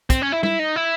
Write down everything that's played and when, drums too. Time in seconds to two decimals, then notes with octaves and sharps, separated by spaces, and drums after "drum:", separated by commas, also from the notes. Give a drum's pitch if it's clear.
0.10 C4, drum: kick, hi-hat
0.22 C#4
0.32 E4
0.43 E4, drum: tom G3
0.59 D#4
0.76 E4